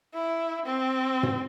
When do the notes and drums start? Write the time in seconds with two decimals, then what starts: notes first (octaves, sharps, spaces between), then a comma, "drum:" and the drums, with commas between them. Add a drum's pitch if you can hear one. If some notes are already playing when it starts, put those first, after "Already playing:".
0.14 E4
0.66 C4
1.23 drum: tom